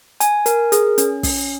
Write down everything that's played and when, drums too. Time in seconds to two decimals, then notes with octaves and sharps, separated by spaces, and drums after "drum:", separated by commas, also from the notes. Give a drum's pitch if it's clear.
0.20 G#5, drum: hi-hat
0.46 A#4, drum: hi-hat
0.72 G#4, drum: hi-hat
0.98 C#4, drum: hi-hat
1.23 C#4, drum: kick, open hi-hat